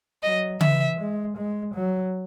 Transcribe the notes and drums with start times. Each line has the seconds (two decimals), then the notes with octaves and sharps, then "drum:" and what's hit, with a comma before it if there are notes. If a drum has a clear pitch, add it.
0.23 F#3 D#5
0.61 E3 E5, drum: tom C#3
0.99 G#3
1.37 G#3
1.74 F#3